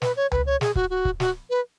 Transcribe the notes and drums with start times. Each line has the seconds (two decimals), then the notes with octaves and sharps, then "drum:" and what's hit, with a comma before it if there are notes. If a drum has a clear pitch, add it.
0.02 B4, drum: snare
0.17 C#5
0.31 B4, drum: tom C#2
0.46 C#5
0.61 G#4, drum: snare
0.75 F#4, drum: kick
0.90 F#4
1.05 drum: kick
1.20 F#4, drum: snare
1.50 B4